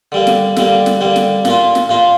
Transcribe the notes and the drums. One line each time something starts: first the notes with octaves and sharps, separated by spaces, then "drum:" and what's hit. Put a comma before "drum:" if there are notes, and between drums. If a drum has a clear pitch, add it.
D3 G3 A#3
drum: snare
D3 G3 A#3, drum: snare
drum: snare
D3 G3 A#3
drum: snare
A#2 A#3 F4, drum: snare
drum: snare
A#2 A#3 F4